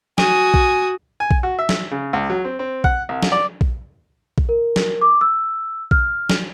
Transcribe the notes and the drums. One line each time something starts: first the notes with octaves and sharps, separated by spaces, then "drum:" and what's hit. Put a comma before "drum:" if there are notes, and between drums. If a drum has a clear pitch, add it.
F#4 G#5 D#6, drum: snare
drum: kick A#1
G#5
drum: kick A#1
F#4
E5
drum: snare
C#3
C#2
F#3
C4
C4
F#5, drum: kick A#1
C2
drum: snare
D5
drum: kick A#1
drum: kick A#1
A#4
drum: snare
D6
E6
F6, drum: kick A#1
drum: snare